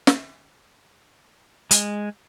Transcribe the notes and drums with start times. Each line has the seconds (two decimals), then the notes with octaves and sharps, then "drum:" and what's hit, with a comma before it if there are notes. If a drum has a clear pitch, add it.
0.07 drum: snare
1.71 G#3, drum: hi-hat